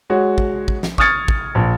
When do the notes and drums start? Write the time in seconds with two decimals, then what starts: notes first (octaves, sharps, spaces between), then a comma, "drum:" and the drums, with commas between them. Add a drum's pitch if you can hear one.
0.10 G#3 F#4 C#5
0.38 drum: kick
0.68 drum: kick
0.83 drum: snare
0.98 C#6 D#6 F6 G#6 A6 C#7, drum: kick
1.28 drum: kick
1.55 A#1